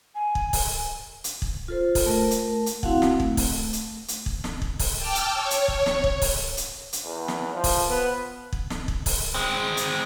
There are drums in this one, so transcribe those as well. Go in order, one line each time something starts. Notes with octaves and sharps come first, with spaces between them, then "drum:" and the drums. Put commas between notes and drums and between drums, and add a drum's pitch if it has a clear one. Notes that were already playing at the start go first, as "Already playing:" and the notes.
G#5
drum: kick
drum: kick, open hi-hat
drum: hi-hat
drum: kick
F4 A4 C5
drum: kick, open hi-hat
A3 A#4 A5
drum: hi-hat
drum: hi-hat
C4 E4 F#4 F5 F#5, drum: kick
drum: snare
A3, drum: kick
drum: kick, open hi-hat
drum: hi-hat
drum: hi-hat
drum: kick
drum: snare
drum: kick
drum: kick, open hi-hat
G5 A5 D6 E6 F6
drum: hi-hat
C#5
drum: hi-hat
drum: kick
drum: snare
drum: kick
drum: kick, open hi-hat
drum: hi-hat
drum: hi-hat
E2
drum: snare
F3
drum: kick, open hi-hat
B3
drum: kick
drum: snare
drum: kick
drum: kick, open hi-hat
G#3 C4
drum: hi-hat